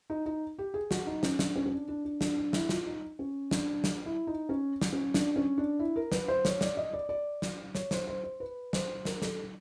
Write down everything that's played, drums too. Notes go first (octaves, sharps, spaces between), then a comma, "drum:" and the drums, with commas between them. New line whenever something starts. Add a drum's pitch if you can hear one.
D#4
D#4
G4
G#4
F#4, drum: snare
D#4
C#4, drum: snare
D4, drum: snare
C#4
C#4
D4
D4
D4
D4, drum: snare
D4
E4, drum: snare
F4, drum: snare
D#4
C#4
D4, drum: snare
drum: snare
E4
D#4
C#4
drum: snare
C#4
D4, drum: snare
C#4
D4
E4
A#4
B4, drum: snare
C5
C#5, drum: snare
D5, drum: snare
D#5
D5
D5
drum: snare
C#5, drum: snare
C5, drum: snare
C5
C5
B4
C5, drum: snare
A#4, drum: snare
A4, drum: snare